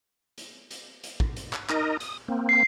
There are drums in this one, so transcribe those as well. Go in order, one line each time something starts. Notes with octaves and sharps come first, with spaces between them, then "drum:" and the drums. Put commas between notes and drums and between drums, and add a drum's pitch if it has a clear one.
drum: hi-hat
drum: hi-hat
drum: hi-hat
drum: kick
drum: hi-hat
drum: clap
D#4 A#4 D#5, drum: clap
D#6, drum: hi-hat
A#3 C4
C7